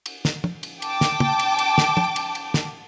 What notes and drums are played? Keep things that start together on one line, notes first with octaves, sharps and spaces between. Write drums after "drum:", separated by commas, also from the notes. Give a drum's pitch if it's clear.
drum: cymbal
drum: snare
drum: tom
drum: cymbal
G5 A5 D6, drum: cymbal
drum: snare
drum: tom
drum: cymbal
drum: cymbal
drum: snare
drum: tom
drum: cymbal
drum: cymbal
drum: snare